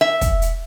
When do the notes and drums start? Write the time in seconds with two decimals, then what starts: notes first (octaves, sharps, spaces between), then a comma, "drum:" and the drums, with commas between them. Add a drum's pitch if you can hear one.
0.01 E5
0.21 drum: kick, hi-hat
0.42 drum: hi-hat